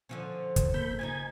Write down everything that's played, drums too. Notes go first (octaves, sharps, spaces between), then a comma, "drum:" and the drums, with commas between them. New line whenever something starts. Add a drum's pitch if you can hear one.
D3 F3 C#4
drum: kick, hi-hat
A#3 A4 B5 G6
C#3 F3 D#4 G#5 G#6